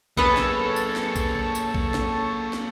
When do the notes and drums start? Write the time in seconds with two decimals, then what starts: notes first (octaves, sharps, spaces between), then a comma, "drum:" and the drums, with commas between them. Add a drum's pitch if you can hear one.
0.17 A#3 B3 G#4 A4 B4 C#5 A5, drum: kick B1
0.37 drum: snare
0.76 drum: tambourine
0.96 drum: snare
1.16 drum: kick B1, tambourine
1.55 drum: tambourine
1.75 drum: kick B1
1.94 drum: snare
2.53 drum: snare